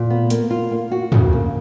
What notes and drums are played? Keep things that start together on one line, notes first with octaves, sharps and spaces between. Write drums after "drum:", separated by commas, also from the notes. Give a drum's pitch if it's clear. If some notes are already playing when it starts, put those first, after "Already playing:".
Already playing: A#2
B3
A#3, drum: hi-hat
F4
A#3
F#4
C#3, drum: tom
A#3